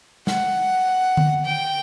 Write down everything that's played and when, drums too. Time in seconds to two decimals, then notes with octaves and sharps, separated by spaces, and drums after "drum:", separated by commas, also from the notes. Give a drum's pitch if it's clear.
0.27 F#5, drum: snare
1.17 drum: tom D3
1.45 G5